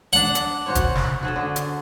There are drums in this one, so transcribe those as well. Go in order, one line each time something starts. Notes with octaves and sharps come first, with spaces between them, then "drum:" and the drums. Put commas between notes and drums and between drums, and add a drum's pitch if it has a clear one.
D4 F#5 A#5
drum: hi-hat
F#4 C5 C#5
drum: kick, hi-hat
drum: snare
F#4 G#4 A4
D3
drum: hi-hat